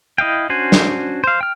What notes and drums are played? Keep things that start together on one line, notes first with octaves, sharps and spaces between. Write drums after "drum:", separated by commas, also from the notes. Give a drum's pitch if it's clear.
E4 D#5 F5 G5
C#4 D4 F#4 C5 G#5
drum: snare
C5 F5
G5 F6